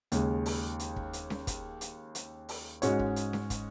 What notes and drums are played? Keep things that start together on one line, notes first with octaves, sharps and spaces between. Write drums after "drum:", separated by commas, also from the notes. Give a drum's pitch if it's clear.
D#2 C#3 G#3, drum: hi-hat
drum: open hi-hat
drum: hi-hat
drum: kick
drum: hi-hat
drum: snare C#4
drum: kick, hi-hat
drum: hi-hat
drum: hi-hat
drum: open hi-hat
G#2 G#3 C#4 F#4 C#5, drum: hi-hat
drum: kick
drum: hi-hat
drum: snare C#4
drum: kick, hi-hat